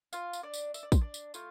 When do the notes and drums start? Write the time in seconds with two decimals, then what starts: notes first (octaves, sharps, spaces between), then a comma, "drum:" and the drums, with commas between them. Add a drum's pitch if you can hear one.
0.13 F4 F5, drum: tambourine
0.33 drum: tambourine
0.43 D4 D5
0.54 drum: tambourine
0.74 E5, drum: tambourine
0.83 D5
0.92 C5, drum: kick, tambourine
1.01 D4 D5
1.14 drum: tambourine
1.34 A3 E4 F4 F5, drum: tambourine